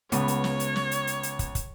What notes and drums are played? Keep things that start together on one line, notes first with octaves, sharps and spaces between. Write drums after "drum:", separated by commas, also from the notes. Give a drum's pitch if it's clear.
C#2 B3 C#5, drum: hi-hat
drum: hi-hat
drum: snare
drum: hi-hat
drum: snare
drum: hi-hat
drum: hi-hat
drum: hi-hat
drum: kick, hi-hat
drum: kick, hi-hat